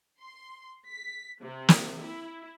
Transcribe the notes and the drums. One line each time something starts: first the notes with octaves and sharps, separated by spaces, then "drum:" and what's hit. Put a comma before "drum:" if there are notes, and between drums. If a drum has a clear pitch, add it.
C6
B6
C3
drum: snare
E4